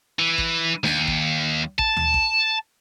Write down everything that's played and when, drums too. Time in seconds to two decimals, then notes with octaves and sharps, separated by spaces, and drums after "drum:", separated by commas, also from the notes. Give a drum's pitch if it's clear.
0.19 E3
0.38 drum: kick A1
0.84 D#2, drum: snare D4
1.08 drum: kick A1
1.79 A5, drum: kick A1
1.97 drum: tom D2
2.14 drum: kick A1